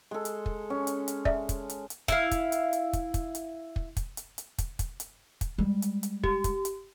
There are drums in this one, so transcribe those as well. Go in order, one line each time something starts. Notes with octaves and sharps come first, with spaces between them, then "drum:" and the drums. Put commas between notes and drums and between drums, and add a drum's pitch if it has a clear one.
G#3 A4
drum: hi-hat
drum: kick
C#4
drum: hi-hat
drum: hi-hat
D5 E5, drum: kick
drum: kick, hi-hat
drum: hi-hat
drum: hi-hat
E4 F5, drum: kick, hi-hat
drum: kick, hi-hat
drum: hi-hat
drum: hi-hat
drum: kick, hi-hat
drum: kick, hi-hat
drum: hi-hat
drum: kick
drum: kick, hi-hat
drum: hi-hat
drum: hi-hat
drum: kick, hi-hat
drum: kick, hi-hat
drum: hi-hat
drum: kick, hi-hat
G3 G#3
drum: hi-hat
drum: hi-hat
G4, drum: kick
drum: kick, hi-hat
drum: hi-hat